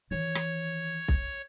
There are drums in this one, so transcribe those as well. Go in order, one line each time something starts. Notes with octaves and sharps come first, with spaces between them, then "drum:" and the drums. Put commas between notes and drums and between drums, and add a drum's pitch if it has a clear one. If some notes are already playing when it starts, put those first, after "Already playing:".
D#3 E3 C#5
drum: rim click
drum: kick B1